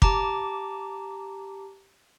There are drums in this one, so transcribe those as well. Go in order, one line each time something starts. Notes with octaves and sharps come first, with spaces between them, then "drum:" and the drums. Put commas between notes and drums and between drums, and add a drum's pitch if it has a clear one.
G4 A5 A#5 D6, drum: kick